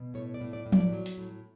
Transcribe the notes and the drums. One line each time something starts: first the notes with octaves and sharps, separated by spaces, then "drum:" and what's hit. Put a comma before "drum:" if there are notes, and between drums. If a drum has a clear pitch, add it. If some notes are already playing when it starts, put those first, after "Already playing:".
Already playing: B2
A2 C#5
D5
A2
D5
A2
D5, drum: tom F3
F#3
drum: hi-hat
A2